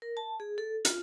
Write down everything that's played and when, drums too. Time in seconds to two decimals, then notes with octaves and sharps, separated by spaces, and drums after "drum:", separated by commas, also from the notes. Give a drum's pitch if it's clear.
0.02 A#4
0.17 A5
0.40 G#4
0.58 A4
0.85 F4, drum: hi-hat